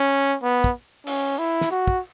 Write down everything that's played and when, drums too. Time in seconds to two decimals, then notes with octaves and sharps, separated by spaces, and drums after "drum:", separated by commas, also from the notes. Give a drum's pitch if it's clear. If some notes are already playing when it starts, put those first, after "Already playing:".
Already playing: C#4
0.43 B3
0.64 drum: kick
1.07 C#4, drum: cymbal
1.39 E4
1.61 drum: snare
1.71 F#4
1.87 drum: kick